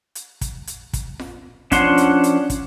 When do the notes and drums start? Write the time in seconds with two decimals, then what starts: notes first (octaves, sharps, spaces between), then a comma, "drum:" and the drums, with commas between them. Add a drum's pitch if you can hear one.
0.15 drum: hi-hat
0.41 drum: kick, hi-hat
0.67 drum: hi-hat
0.93 drum: kick, hi-hat
1.19 drum: snare F4
1.72 F3 C#4 D4 F#5 C6, drum: kick, hi-hat
1.98 drum: hi-hat
2.24 drum: hi-hat
2.50 drum: kick, hi-hat